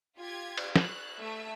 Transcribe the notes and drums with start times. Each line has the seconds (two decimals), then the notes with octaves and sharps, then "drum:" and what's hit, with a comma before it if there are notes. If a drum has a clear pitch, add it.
0.18 F4 G4 G#6
0.58 drum: cymbal
0.76 F#6, drum: snare
1.16 A3 E5